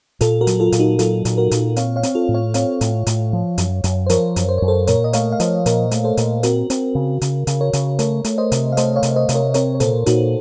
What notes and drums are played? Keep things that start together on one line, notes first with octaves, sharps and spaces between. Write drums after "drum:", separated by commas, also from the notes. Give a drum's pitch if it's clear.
A#2 F4 A4, drum: hi-hat
F#4 A#4
F#3, drum: hi-hat
F4 A4
A#2, drum: hi-hat
D#4 F#4
F#3 F4 A4, drum: hi-hat
A#2, drum: hi-hat
F#4 A#4
A#2, drum: hi-hat
C4 C#5 F5, drum: hi-hat
C#5 F5
C4, drum: hi-hat
F4 A4
A2
C#5 F5
C4 C#5 F5, drum: hi-hat
A2, drum: hi-hat
A2, drum: hi-hat
F3
F#2, drum: hi-hat
F#2, drum: hi-hat
C5
F3 A#4 C#5, drum: hi-hat
F#2, drum: hi-hat
C5
F#2 C#5
A4 C5
A#2 A#4 C#5, drum: hi-hat
D#5
A3 C#5 F5, drum: hi-hat
F5
F3 C5 D#5, drum: hi-hat
A#2 A#4 C#5, drum: hi-hat
A3, drum: hi-hat
A4 C5
A#2, drum: hi-hat
C4 F#4 A#4, drum: hi-hat
C4, drum: hi-hat
C#3
C#3, drum: hi-hat
C#3, drum: hi-hat
A#4 C#5
C#3, drum: hi-hat
A3 A#4 C#5, drum: hi-hat
A3, drum: hi-hat
C5 D#5
C3, drum: hi-hat
F5
A3 C5 D#5, drum: hi-hat
C#5 F5
C3, drum: hi-hat
C5 D#5
C3, drum: hi-hat
A#4 C#5
C4 A#4 C#5, drum: hi-hat
C#5
A#2 A4 C5, drum: hi-hat
A#2 D#4 F#4, drum: hi-hat